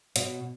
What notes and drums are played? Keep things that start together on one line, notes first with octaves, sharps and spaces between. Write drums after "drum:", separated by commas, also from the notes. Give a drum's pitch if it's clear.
B2, drum: hi-hat